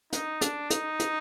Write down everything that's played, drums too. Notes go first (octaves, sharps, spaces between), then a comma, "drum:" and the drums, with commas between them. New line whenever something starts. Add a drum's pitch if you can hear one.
D#4, drum: hi-hat
D4, drum: hi-hat
D#4, drum: hi-hat
drum: hi-hat